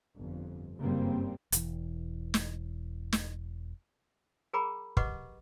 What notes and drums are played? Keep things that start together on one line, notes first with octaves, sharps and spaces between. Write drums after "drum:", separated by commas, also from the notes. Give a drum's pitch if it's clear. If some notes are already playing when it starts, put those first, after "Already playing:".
G1 F2
F#1 G2 C#3 G3 A#3 C4
E1 E3, drum: hi-hat
drum: snare
drum: snare
G#4 A#4 G5 A#5 B5 D6
G4 B4 D#5 F#5 C#6 D6, drum: kick